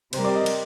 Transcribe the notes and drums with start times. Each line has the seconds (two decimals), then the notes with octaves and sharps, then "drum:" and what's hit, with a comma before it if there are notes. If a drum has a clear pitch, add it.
0.13 C3 G3 C4 G4 A#4 C5, drum: cymbal
0.24 D5
0.35 D#5
0.46 drum: cymbal